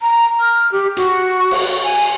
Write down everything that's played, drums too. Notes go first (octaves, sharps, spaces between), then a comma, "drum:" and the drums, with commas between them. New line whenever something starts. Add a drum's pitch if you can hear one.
A#5
F6
G4
F#4, drum: hi-hat
drum: cymbal
G#5